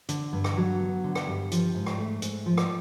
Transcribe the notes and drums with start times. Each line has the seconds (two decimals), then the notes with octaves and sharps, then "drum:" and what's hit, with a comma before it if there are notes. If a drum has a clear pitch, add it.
0.09 D3, drum: hi-hat
0.33 G2
0.44 drum: rim click
0.57 F#3
0.80 B3
1.04 D3
1.15 drum: rim click
1.27 G2
1.52 F3, drum: hi-hat
1.75 G#2
1.86 drum: rim click
1.98 A3
2.22 G#2, drum: hi-hat
2.46 F3
2.57 drum: rim click